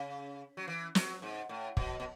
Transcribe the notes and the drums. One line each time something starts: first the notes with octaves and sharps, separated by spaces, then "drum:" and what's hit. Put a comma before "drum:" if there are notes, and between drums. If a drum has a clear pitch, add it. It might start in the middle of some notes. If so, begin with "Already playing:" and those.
Already playing: C#3
F#3
E3
F#3, drum: snare
G#2
A2
B2, drum: kick
B2